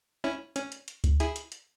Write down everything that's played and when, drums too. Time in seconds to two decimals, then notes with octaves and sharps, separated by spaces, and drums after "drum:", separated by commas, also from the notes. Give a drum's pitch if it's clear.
0.24 C#4 E4
0.56 C#4, drum: hi-hat
0.72 drum: hi-hat
0.88 drum: hi-hat
1.04 drum: kick D2, hi-hat
1.20 E4 G#4, drum: hi-hat
1.36 drum: hi-hat
1.52 drum: hi-hat